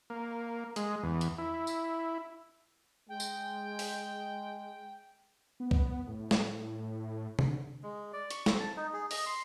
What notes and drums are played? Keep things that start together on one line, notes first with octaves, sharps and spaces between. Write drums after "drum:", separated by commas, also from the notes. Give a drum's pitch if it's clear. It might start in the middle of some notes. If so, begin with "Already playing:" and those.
A#3
G#3, drum: hi-hat
E2
drum: hi-hat
E4
drum: tambourine
G#3 G5
drum: tambourine
drum: open hi-hat
B3
drum: kick C2
A2
drum: snare
D3, drum: tom
G#3
D5
C#6, drum: hi-hat
C4, drum: snare
A5
D#4
G#4
D#5, drum: open hi-hat
C6